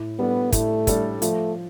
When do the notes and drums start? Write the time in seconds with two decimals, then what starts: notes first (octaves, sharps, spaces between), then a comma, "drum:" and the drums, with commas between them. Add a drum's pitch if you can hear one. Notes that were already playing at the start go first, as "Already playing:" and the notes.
Already playing: A2
0.19 G3 B3 D4 A4
0.52 A2 A3, drum: kick, hi-hat
0.87 G3 D4 A4, drum: kick, hi-hat
1.22 F3 A3, drum: hi-hat